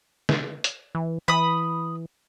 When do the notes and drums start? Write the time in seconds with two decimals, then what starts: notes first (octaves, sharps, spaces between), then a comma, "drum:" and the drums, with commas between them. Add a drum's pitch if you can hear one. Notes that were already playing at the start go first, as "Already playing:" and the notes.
0.29 drum: snare
0.64 drum: hi-hat
0.95 E3
1.28 E3 B5 D#6